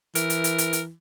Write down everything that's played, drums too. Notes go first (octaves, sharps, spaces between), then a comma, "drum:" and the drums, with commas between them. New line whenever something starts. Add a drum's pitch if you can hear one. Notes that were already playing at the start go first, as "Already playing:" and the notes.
E3 A#4, drum: hi-hat
drum: hi-hat
drum: hi-hat
drum: hi-hat
drum: hi-hat